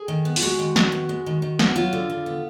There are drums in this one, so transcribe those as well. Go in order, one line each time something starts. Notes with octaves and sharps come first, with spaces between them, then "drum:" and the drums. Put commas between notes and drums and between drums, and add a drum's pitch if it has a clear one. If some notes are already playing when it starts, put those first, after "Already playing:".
Already playing: G#4
D#3
B3
F4, drum: open hi-hat
G#3 F#4
D#3
D#3, drum: snare
B3
G#3
D#3
D#3
B3, drum: snare
F#3 F4
D3
D3
B3